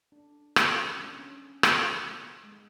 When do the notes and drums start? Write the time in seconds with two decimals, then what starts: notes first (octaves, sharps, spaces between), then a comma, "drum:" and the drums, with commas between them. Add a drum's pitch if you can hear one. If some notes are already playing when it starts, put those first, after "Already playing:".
0.12 D4
0.56 drum: rim click
0.83 C#4
1.00 D4
1.18 C#4
1.63 drum: rim click
2.43 G#3